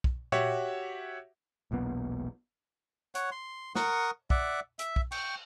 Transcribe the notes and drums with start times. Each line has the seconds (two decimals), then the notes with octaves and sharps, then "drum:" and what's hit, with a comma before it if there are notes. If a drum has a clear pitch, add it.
0.04 drum: kick
0.32 F#4 G4 C#5 E5 F#5, drum: tom
1.71 E1 B1 A#2 B3
3.15 C#5 F#5, drum: hi-hat
3.32 C6
3.75 A#4 F#5 C#6 D#6, drum: snare
4.30 D5 E5 F#5, drum: kick
4.79 E5, drum: hi-hat
4.96 drum: kick
5.12 G5 C#6, drum: cymbal